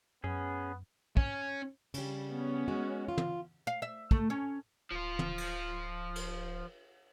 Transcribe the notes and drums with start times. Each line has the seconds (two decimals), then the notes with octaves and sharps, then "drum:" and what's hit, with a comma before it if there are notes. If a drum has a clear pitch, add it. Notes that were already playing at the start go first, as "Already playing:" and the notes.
0.24 F#2 B3 C#4 G#4
1.17 C#4, drum: kick
1.94 C#3 G3, drum: cymbal
2.32 B3 C#4
2.68 G#3 F#4
3.08 F4
3.18 drum: tom
3.67 F5
3.82 E5
4.11 A3, drum: kick
4.30 C#4
4.92 D1 F3 F4
5.19 drum: tom
5.38 drum: cymbal
6.16 drum: cymbal